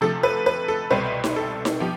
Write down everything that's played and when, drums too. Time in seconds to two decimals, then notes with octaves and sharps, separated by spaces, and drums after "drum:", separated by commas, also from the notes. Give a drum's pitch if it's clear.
0.01 C3 F3 A3 A4
0.23 B4
0.46 B4
0.68 A4
0.90 C2 B2 G3 C4 B4
1.24 drum: snare D#4
1.36 A4
1.65 drum: snare D#4
1.80 F3 B3 G4